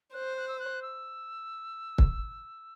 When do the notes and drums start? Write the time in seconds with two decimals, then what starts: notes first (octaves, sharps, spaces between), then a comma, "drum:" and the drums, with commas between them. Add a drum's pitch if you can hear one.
0.14 C5 F#6
0.37 F#6
0.48 E6
0.59 F#6
0.82 E6
1.98 drum: kick